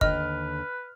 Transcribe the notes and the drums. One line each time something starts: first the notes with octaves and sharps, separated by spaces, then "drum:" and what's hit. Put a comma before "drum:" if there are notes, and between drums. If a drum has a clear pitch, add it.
D#2 D3 B4 D#5 G5 F6, drum: kick F#1